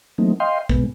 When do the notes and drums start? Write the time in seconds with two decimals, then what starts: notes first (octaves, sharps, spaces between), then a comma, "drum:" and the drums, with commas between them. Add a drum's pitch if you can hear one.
0.18 E3 F#3 A3 A#3 C4 D#4
0.40 D#5 F5 G5 C6
0.69 B2 G#3 B3, drum: kick